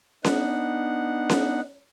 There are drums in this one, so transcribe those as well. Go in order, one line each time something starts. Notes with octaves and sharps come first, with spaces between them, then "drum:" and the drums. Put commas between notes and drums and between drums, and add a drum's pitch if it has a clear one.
B3 D4 D#4 F#5, drum: snare C#4
drum: snare C#4